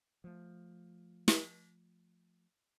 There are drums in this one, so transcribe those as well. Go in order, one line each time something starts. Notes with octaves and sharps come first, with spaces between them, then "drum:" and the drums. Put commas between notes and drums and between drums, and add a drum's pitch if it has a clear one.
F3 A3
drum: snare